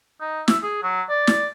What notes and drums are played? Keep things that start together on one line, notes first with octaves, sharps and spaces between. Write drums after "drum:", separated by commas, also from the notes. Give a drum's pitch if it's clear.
D#4
E5, drum: snare
G#4
F#3
D5
drum: snare